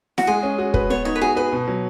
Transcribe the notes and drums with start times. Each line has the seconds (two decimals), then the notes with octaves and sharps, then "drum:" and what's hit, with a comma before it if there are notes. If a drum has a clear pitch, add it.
0.18 F#4, drum: snare E4
0.27 G#3 G#4
0.43 C#4
0.58 F#4
0.74 B4, drum: kick
0.90 B3 C#5
1.05 D#4 C#5
1.15 B4
1.21 F#4 G#4
1.36 G#4 B4
1.52 B2
1.68 F#3